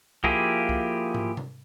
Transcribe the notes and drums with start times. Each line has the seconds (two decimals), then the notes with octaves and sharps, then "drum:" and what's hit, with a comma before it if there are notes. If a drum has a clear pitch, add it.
0.24 F3 A#3 E4 G4 G#4, drum: kick
0.69 drum: kick
1.15 drum: tom
1.37 drum: tom C3